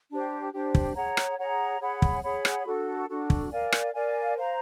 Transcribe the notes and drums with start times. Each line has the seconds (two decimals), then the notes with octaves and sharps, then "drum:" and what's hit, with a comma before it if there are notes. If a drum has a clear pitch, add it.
0.11 D4 G4 C5
0.53 D4 G4 C5
0.75 drum: kick
0.96 G#4 C#5 F#5 A#5
1.17 drum: rim click
1.39 G#4 C#5 F#5 A#5
1.81 G#4 C#5 F#5 B5
2.02 drum: kick
2.23 G#4 C#5 F#5 B5
2.45 drum: rim click
2.66 D4 F#4 A4
3.09 D4 F#4 A4
3.30 drum: kick
3.51 A#4 D5 F5 G#5
3.72 drum: rim click
3.93 A#4 D5 F5 G#5
4.36 C5 F5 A#5